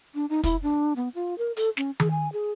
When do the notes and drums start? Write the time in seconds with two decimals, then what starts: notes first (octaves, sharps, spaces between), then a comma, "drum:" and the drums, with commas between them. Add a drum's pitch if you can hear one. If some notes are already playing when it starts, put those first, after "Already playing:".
0.15 D4
0.30 D#4
0.44 E4, drum: kick, hi-hat
0.63 D4
0.96 B3
1.15 F4
1.38 A#4
1.57 A4, drum: hi-hat
1.77 C#4, drum: snare
2.00 G#4, drum: tom D#3
2.11 G#5
2.33 G#4